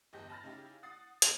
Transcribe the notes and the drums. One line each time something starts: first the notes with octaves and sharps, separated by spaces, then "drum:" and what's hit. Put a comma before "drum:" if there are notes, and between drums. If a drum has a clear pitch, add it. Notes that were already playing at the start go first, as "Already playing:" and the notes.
G1 E2 G4 D#5 G6 A#6
A5 B5 F6 A6 A#6
C#3 D#4 E4 G4
F#5 D#6 A6 C7
E2, drum: hi-hat